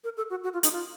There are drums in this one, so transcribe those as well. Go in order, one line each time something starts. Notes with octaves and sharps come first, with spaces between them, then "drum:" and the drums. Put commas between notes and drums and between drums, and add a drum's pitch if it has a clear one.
A#4
A4
F#4
F#4
F4
D#4, drum: hi-hat
F4